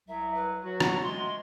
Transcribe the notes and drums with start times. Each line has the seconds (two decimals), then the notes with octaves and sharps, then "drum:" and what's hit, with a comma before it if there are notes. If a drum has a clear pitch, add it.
0.08 C2 F#3 E5
0.35 B4
0.64 F#3 F#4
0.80 F#5, drum: rim click
1.03 D2 G#3 C6